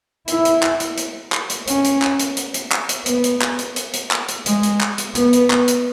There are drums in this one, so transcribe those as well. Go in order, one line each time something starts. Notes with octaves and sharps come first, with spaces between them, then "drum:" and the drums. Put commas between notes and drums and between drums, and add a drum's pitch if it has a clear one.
E4, drum: hi-hat
drum: hi-hat
drum: clap
drum: hi-hat
drum: hi-hat
drum: clap
drum: hi-hat
C#4, drum: hi-hat
drum: hi-hat
drum: clap
drum: hi-hat
drum: hi-hat
drum: hi-hat
drum: clap
drum: hi-hat
B3, drum: hi-hat
drum: hi-hat
drum: clap
drum: hi-hat
drum: hi-hat
drum: hi-hat
drum: clap
drum: hi-hat
G#3, drum: hi-hat
drum: hi-hat
drum: clap
drum: hi-hat
B3, drum: hi-hat
drum: hi-hat
drum: clap
drum: hi-hat